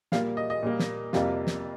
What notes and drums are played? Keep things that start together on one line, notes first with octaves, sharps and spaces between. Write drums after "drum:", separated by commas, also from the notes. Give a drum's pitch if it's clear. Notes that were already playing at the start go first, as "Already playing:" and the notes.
A#2 G3 A#3 F4 F5, drum: snare
D#5
D#5
A#2 G3 A#3
drum: snare
F2 C3 G3 A#3 F4, drum: snare
drum: snare